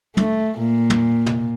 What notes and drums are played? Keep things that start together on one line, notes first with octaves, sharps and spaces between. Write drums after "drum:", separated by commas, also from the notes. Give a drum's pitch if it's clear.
A3, drum: tom
A#2
drum: tom
drum: tom